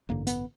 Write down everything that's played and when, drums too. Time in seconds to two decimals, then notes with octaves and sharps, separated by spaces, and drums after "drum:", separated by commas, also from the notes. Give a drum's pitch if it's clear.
0.09 A1 G2 D3 A#3
0.27 B3, drum: hi-hat